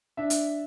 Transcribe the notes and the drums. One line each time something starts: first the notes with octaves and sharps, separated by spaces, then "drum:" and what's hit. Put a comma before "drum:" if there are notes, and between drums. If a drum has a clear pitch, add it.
D4 E5
drum: hi-hat